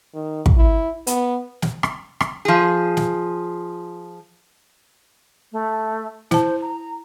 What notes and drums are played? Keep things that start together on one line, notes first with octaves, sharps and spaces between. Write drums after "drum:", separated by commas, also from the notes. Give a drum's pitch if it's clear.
D#3
drum: kick
E4
B3, drum: hi-hat
drum: snare
drum: rim click
drum: rim click
F3 G#4
drum: snare
A3
E4 C5 A5, drum: snare
A#5